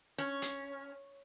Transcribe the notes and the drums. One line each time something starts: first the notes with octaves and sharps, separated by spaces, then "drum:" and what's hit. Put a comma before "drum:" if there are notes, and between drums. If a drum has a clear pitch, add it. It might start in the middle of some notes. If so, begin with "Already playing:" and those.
C#4
drum: hi-hat